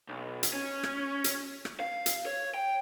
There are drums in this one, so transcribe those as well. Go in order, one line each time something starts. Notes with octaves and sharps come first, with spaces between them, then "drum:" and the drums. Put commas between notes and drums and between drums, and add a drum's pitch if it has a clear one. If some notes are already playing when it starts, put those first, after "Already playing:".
B1
drum: hi-hat
C#4
drum: rim click
drum: hi-hat
drum: rim click
F5
drum: hi-hat
C#5
G5